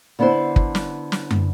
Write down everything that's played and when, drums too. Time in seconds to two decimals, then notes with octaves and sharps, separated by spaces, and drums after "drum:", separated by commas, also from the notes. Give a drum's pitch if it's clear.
0.19 D3 B3 D4 E4 C5
0.56 drum: kick
0.75 drum: snare
1.12 drum: snare
1.31 drum: tom F#2